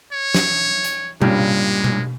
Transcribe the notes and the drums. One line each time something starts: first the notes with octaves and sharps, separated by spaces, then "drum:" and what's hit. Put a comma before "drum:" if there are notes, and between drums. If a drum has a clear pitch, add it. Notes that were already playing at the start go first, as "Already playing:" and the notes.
C#5
drum: snare
drum: hi-hat
G2 A#2 C#3 G3 G#3, drum: tom B2
drum: tom B2